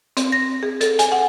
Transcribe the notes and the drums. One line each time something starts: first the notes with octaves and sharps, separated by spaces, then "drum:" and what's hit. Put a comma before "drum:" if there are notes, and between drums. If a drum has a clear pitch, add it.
C4, drum: hi-hat
A#6
G#4
A4, drum: hi-hat
G#5, drum: hi-hat
F#5